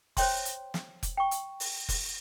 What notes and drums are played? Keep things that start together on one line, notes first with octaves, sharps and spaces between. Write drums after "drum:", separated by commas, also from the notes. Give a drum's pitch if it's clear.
C5 C#5 G5 C6, drum: kick F1, open hi-hat
drum: hi-hat
drum: snare
drum: kick F1, hi-hat
G5 C#6
drum: hi-hat
drum: open hi-hat
drum: kick F1, open hi-hat